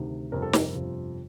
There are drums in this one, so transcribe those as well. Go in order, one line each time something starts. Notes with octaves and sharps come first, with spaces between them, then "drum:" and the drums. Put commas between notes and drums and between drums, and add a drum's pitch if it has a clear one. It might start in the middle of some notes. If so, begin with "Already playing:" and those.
Already playing: D2 C3 D#3
G1 F2 C3 F3 A#4
A4
A#4, drum: snare
G1 F2 C3 F3